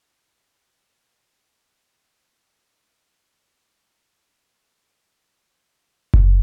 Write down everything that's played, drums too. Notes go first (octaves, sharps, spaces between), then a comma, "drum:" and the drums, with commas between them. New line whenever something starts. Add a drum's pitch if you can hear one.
A1 A#3 C4
C6
F#3
F4
drum: kick F#1